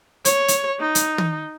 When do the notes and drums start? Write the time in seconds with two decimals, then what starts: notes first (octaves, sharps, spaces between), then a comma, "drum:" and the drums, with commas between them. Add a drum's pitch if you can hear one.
0.25 C#5, drum: hi-hat
0.48 drum: hi-hat
0.80 D#4
0.95 drum: hi-hat
1.18 drum: tom